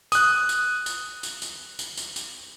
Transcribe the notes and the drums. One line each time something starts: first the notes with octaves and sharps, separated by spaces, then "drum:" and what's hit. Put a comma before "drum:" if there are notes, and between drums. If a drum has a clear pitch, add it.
D#6 F#6, drum: tambourine
drum: tambourine
drum: tambourine
drum: tambourine
drum: tambourine
drum: tambourine
drum: tambourine
drum: tambourine